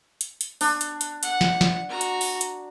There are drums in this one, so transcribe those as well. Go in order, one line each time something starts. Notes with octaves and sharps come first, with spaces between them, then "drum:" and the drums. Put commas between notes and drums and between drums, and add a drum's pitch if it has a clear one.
drum: hi-hat
drum: hi-hat
D4, drum: open hi-hat
drum: hi-hat
drum: hi-hat
F#5, drum: hi-hat
drum: snare
drum: snare
F#4 A#5
drum: hi-hat
drum: open hi-hat
drum: hi-hat